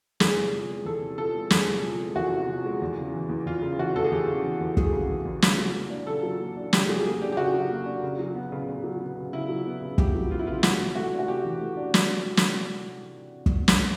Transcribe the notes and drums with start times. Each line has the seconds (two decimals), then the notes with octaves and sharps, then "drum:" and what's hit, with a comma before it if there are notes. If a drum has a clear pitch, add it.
0.20 E2 G#4, drum: snare
0.37 C3
0.53 F3
0.69 G#3
0.85 E2 A4
1.02 C3
1.18 F3 A4
1.35 G#3
1.50 E2 G#4, drum: snare
1.68 C3
1.83 F3
1.99 G#3
2.15 E2 F#4
2.32 C3
2.49 F3
2.66 G#3
2.82 E2
2.98 C#3
3.14 E3
3.29 E2
3.46 E2 F4
3.62 C#3
3.78 E3 F#4
3.95 E2 A4
4.04 G#4
4.12 E2 G4
4.28 C#3
4.44 E3
4.61 E2
4.77 E2 G#4, drum: kick
4.92 C#3
5.10 E3
5.25 E2
5.42 C#3, drum: snare
5.58 F#3
5.75 A#3
5.90 D4
6.07 C#3 A4
6.23 F#3
6.40 A#3
6.57 D4
6.73 C#3 G4, drum: snare
6.89 F#3 G#4
7.05 A#3 G#4
7.22 D4 G4
7.32 G4
7.37 C#3 F#4
7.54 F#3
7.70 A#3
7.86 D4
8.03 C#3
8.19 F#3
8.35 B3
8.52 C#3
8.68 C#3
8.84 F#3
9.00 B3
9.17 C#3
9.33 C#3 E4
9.49 F#3
9.66 B3
9.81 C#3
9.98 C#3 G4, drum: kick
10.15 F#3
10.31 B3 F4
10.39 E4
10.47 C#3 F4
10.63 C3 F#4, drum: snare
10.79 E3
10.95 A3 F#4
11.12 D4
11.19 F#4
11.28 C3 G4
11.45 E3
11.61 A3
11.77 D4
11.94 drum: snare
12.37 drum: snare
13.46 drum: kick
13.68 drum: snare